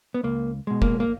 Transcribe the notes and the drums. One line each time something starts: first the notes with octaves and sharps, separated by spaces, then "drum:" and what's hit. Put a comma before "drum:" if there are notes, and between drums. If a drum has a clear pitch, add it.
B3
C#2 A#3
B2 G#3
A#3, drum: kick F1
A#3